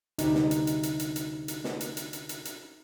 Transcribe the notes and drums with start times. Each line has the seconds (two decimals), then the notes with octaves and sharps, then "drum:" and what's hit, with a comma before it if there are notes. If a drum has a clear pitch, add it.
0.19 D2 C3 G3 D#4, drum: hi-hat
0.35 drum: snare
0.51 drum: hi-hat
0.67 drum: hi-hat
0.83 drum: hi-hat
1.00 drum: hi-hat
1.16 drum: hi-hat
1.48 drum: hi-hat
1.64 drum: snare
1.81 drum: hi-hat
1.97 drum: hi-hat
2.13 drum: hi-hat
2.29 drum: hi-hat
2.45 drum: hi-hat